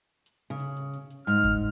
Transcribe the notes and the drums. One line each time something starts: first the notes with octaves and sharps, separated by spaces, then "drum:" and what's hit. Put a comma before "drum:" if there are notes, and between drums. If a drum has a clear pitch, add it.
drum: hi-hat
C#3
drum: hi-hat
drum: hi-hat
drum: hi-hat
drum: hi-hat
G#2 F6, drum: hi-hat
drum: kick F#1, hi-hat